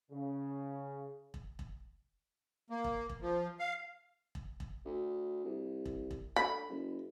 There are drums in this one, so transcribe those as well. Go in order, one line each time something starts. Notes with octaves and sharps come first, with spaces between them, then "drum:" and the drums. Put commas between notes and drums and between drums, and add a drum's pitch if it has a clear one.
C#3
drum: kick E1
drum: kick E1
A#3
drum: kick E1
drum: kick E1
F3
F5
drum: kick E1
drum: kick E1
D2
C2
drum: kick E1
drum: kick E1
D3 B5
F#1